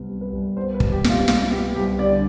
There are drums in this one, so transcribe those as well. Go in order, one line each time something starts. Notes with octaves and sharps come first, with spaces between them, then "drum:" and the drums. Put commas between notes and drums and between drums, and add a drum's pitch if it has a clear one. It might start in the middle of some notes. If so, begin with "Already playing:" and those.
Already playing: C2 C3 B3
G3
B4
C2
B3 C5
B4
C2, drum: kick
G4
B2, drum: snare
F4
E4 F4, drum: snare
B3 G4
C2 G4
D3 D5